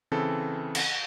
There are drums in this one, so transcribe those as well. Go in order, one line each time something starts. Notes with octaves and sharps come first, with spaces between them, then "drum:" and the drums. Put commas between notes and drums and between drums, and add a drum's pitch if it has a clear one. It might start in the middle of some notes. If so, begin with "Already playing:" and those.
C#3 E3 C4 A4
drum: cymbal